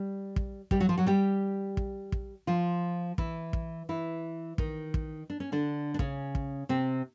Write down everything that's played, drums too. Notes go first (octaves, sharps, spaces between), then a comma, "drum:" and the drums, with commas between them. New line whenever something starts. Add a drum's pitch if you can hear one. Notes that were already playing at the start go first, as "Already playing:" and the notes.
Already playing: G3
drum: kick
G3 G4, drum: kick
F#3 F#4
F3 F4
F#3 F#4
G3 G4
drum: kick
drum: kick
F3 F4
E3 E4, drum: kick
drum: kick
E3 E4
D#3 D#4, drum: kick
drum: kick
D4
C#4
D3 D4
D4
C#3 C#4, drum: kick
drum: kick
C3 C4